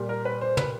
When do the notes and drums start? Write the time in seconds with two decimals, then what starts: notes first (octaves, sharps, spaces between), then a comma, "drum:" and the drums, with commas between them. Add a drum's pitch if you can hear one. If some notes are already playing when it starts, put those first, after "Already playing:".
Already playing: A#2 G3
0.09 A#4
0.25 B4
0.41 C5
0.57 B4, drum: tom